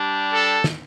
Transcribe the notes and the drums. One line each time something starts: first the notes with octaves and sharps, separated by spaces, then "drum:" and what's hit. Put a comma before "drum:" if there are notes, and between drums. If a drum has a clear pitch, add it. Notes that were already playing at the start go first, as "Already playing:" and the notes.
Already playing: G3 D4 G4
A4
drum: snare